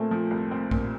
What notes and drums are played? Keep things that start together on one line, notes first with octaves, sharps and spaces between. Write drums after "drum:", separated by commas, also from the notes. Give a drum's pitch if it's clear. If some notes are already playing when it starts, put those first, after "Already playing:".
Already playing: A#2 A3 C4
F3
C2
C4
A#2, drum: kick A#1